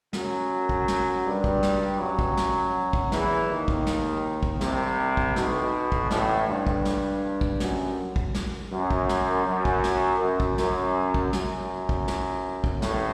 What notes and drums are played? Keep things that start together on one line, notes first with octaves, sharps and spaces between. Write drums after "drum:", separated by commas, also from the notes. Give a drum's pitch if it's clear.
F#2 F#3, drum: snare
drum: kick
drum: snare
G2 G3
drum: kick
drum: snare
F#2 F#3
drum: kick
drum: snare
drum: kick
E2 E3, drum: snare
D#2 D#3
drum: kick
drum: snare
drum: kick
C2 C3, drum: snare
drum: kick
B1 B2, drum: snare
drum: kick
A1 A2, drum: snare
G2
drum: kick
drum: snare
drum: kick
F#2, drum: snare
drum: kick
drum: snare
F#2
drum: kick
drum: snare
F#2
drum: kick
drum: snare
F#2
drum: kick
F#2, drum: snare
drum: kick
F#2, drum: snare
drum: kick
drum: snare
drum: kick
A1 A2, drum: snare